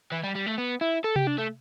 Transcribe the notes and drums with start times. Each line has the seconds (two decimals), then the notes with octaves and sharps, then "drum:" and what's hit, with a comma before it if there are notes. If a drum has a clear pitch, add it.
0.12 E3
0.24 G3
0.35 G3
0.47 A3
0.58 B3
0.81 E4
1.04 A4
1.16 G4, drum: tom C3
1.27 D4
1.38 A3